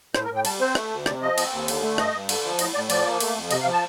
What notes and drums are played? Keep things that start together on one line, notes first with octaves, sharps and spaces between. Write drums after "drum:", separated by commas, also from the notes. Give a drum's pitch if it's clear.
A2 C5, drum: rim click
A#4
A2
G5
G3 A5, drum: cymbal
C4 C5
A3, drum: rim click
D2
C3 D5, drum: rim click
F3 D#5
C4, drum: cymbal
D#2
D3, drum: cymbal
A3
G2 D#5, drum: rim click
G2
D3, drum: cymbal
F3
A2 D#5, drum: cymbal
A2 D5
F3 D5, drum: cymbal
A#3
A3, drum: cymbal
F2
C3 D#5, drum: cymbal
F5
F3
A5